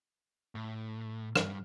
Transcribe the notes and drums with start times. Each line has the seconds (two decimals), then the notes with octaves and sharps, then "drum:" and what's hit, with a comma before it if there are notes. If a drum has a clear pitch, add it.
0.55 A2
1.36 G2, drum: rim click